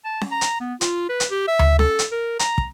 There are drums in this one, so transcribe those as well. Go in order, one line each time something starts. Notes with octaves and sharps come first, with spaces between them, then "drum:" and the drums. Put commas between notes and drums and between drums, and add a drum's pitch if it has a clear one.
A5
drum: snare C#4
A#5
drum: hi-hat
B3
F4, drum: hi-hat
B4
drum: hi-hat
G4
E5
drum: tom D2
A4, drum: snare C#4
drum: hi-hat
A#4
A#5, drum: hi-hat
drum: kick